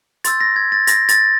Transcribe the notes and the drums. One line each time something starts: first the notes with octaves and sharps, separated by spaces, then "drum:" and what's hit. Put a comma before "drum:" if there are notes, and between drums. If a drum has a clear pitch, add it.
C6 E6 G6 A6, drum: hi-hat
A#6
G#6
A6
A#6, drum: hi-hat
A6, drum: hi-hat